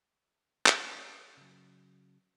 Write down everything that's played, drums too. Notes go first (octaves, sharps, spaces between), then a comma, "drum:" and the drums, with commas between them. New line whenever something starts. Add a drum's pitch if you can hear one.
drum: clap
C#3 F#3